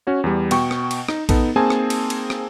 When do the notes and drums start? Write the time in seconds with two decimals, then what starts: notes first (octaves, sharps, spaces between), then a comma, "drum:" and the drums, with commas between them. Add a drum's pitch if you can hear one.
0.07 C#4 F#4 C#5
0.24 E2 G3
0.51 B2 G5 C#6, drum: cymbal
0.71 drum: rim click
0.91 drum: cymbal
1.08 D#4, drum: rim click
1.29 B3 D#4 A4, drum: kick A#1, cymbal
1.56 A#3 C4 D#4 G#4 G#5 A5
1.70 drum: rim click
1.90 drum: cymbal
2.10 drum: cymbal
2.30 drum: rim click